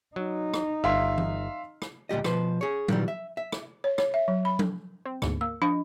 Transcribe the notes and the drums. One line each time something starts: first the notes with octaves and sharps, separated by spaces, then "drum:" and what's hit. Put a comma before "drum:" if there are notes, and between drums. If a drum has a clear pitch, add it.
F#3 D#4
drum: rim click
G1 E5 F5 C6
drum: tom E3
drum: rim click
D2 A#2 G3 G4 D#5
B2 F3 B4 C5, drum: rim click
G#4 C#5
A#2 D#3 E3 F#3 G3, drum: tom F#3
E5
E5
drum: rim click
C#5
C#5, drum: rim click
E5
F#3
B5
drum: tom F#3
C4
D2 G#2 B2, drum: rim click
A#3 E6
F3 D4 D#5 C#6